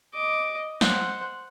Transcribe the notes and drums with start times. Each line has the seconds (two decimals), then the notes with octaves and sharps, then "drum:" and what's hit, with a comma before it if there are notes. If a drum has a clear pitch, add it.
0.14 D#5 D6
0.81 C5 F#5, drum: snare